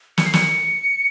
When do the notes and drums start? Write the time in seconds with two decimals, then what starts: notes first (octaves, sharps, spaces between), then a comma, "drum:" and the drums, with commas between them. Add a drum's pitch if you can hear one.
0.18 C#7, drum: snare
0.25 C7
0.33 C#7, drum: snare